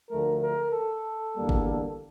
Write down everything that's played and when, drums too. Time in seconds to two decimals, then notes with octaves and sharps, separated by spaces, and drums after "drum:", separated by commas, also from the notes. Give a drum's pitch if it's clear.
0.10 D2 D3 F3 A3 A#4
0.42 A#4
0.73 A4
1.36 E2 D3 G3 A#3
1.49 drum: kick G#1